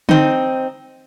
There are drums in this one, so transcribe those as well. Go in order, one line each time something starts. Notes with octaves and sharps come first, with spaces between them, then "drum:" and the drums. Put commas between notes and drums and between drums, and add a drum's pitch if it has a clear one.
C4 D#4, drum: tom D3